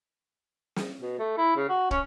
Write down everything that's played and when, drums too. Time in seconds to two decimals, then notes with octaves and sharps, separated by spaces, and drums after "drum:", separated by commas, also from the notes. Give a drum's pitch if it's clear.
0.76 drum: snare
1.01 B2
1.19 A3
1.38 E4
1.56 C#3
1.69 F#4
1.91 C#4, drum: kick